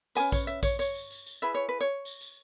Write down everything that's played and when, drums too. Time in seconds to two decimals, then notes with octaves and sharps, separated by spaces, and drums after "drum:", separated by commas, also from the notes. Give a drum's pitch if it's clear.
0.15 C#4 G#4 B4 G#5, drum: tambourine
0.32 C#5, drum: kick A#1, tambourine
0.47 E5
0.63 C#5, drum: kick A#1, tambourine
0.79 C#5, drum: tambourine
0.95 drum: tambourine
1.11 drum: tambourine
1.26 drum: tambourine
1.42 E4 G#4 B4 E5
1.54 C#5
1.69 B4
1.81 C#5
2.05 drum: tambourine
2.21 drum: tambourine